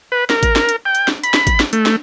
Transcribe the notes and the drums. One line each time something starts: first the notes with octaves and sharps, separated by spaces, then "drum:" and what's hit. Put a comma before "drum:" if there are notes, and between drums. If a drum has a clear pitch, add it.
B4
A#4, drum: snare
drum: kick G#1, hi-hat
drum: snare
drum: hi-hat
G5
drum: hi-hat
drum: snare
B5, drum: hi-hat
drum: snare
drum: kick G#1, hi-hat
drum: snare
A3, drum: hi-hat
drum: snare